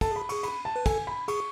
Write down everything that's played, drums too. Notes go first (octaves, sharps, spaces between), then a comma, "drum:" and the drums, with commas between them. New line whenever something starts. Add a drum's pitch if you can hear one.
A4 A5, drum: kick, cymbal
G#4 B5
G#4 C#6, drum: cymbal
B5, drum: cymbal
A5
B4
A4 G#5, drum: kick, cymbal
B5
G#4 C#6, drum: cymbal